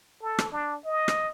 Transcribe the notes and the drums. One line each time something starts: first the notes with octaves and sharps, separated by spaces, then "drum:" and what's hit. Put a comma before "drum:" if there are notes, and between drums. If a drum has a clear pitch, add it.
A4
drum: rim click
D4
D#5
drum: rim click